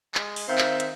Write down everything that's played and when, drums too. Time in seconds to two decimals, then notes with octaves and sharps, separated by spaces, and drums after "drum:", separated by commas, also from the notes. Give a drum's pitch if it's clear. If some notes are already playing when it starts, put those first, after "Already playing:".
0.15 G#3, drum: clap
0.36 drum: open hi-hat
0.49 D#3 C4 E5 F5
0.58 drum: clap
0.80 drum: hi-hat